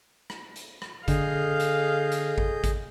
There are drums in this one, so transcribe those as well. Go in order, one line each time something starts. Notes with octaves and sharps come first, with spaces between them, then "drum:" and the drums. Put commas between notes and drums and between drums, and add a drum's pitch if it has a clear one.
drum: rim click
drum: hi-hat
drum: rim click
D3 G#4 A4 D#5 F5 G6, drum: kick G#1, hi-hat
drum: hi-hat
drum: hi-hat
drum: kick G#1
drum: kick G#1, hi-hat